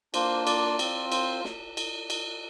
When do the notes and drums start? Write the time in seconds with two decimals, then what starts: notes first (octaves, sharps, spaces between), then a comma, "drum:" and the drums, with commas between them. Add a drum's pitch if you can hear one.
0.14 A#3 D4 F4 C5, drum: cymbal
0.47 D5, drum: cymbal
0.79 C4 F4, drum: cymbal
1.12 C5, drum: cymbal
1.45 drum: snare
1.77 drum: cymbal
2.10 drum: cymbal